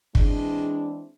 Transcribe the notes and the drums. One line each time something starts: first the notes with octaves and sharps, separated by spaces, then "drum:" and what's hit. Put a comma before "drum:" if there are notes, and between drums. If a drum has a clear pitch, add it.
E3 G#3 C4 D4, drum: kick